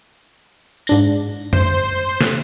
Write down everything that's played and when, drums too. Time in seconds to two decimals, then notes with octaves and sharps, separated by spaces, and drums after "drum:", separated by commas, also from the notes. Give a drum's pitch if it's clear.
0.87 G#2 D4 A#6, drum: tambourine
1.53 C5, drum: tom F#2
2.21 drum: snare